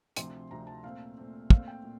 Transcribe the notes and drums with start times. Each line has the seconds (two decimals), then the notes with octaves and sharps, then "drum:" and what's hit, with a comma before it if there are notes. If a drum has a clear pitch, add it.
0.16 D2 C3 F3 C4 C6, drum: hi-hat
0.51 D2 C3 F3 C4 A#5
0.67 A5
0.84 A#2 A3 C4 F5
1.17 A#2 A3 C4
1.50 A#2 A3 C4 F5, drum: kick
1.68 G5
1.84 A#2